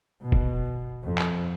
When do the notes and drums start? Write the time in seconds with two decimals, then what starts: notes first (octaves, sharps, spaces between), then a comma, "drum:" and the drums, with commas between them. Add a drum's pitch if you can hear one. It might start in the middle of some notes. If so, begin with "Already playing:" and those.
0.22 B2
0.32 drum: kick
1.04 F2
1.18 drum: clap